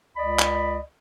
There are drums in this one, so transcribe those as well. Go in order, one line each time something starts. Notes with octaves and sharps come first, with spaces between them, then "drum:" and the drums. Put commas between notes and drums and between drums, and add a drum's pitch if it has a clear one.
C#2 D5 D#5 B5
drum: clap